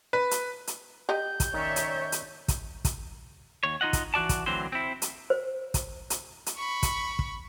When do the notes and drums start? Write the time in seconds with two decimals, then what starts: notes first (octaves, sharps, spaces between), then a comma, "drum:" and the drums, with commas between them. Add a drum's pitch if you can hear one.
0.13 B4
0.31 drum: hi-hat
0.67 drum: hi-hat
1.09 G4 D#5 G6
1.40 drum: kick, hi-hat
1.54 D#3 C#4 C#5 D5 E5
1.76 drum: hi-hat
2.12 drum: hi-hat
2.48 drum: kick, hi-hat
2.85 drum: kick, hi-hat
3.63 D#2 C#5
3.81 D#4 F4 D#5 F#5
3.93 drum: kick, hi-hat
4.14 E3 F#4 D5 A5
4.29 drum: kick, hi-hat
4.46 D2 D3 E3 F#3 C4 C5
4.72 C4 E4
5.02 drum: hi-hat
5.30 C5
5.74 drum: kick, hi-hat
6.10 drum: hi-hat
6.46 drum: hi-hat
6.56 B5 C#6
6.83 drum: kick, hi-hat
7.19 drum: kick